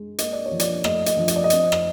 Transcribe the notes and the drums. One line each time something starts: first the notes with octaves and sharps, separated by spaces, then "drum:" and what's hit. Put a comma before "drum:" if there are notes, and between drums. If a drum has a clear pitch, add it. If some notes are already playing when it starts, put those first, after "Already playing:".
Already playing: G#3
A#3 D#5, drum: hi-hat
D5
C#5
F3
D5, drum: hi-hat
A3 D#5, drum: rim click
D#5, drum: hi-hat
F3
D#5, drum: hi-hat
D5
D#5
C4, drum: hi-hat
drum: rim click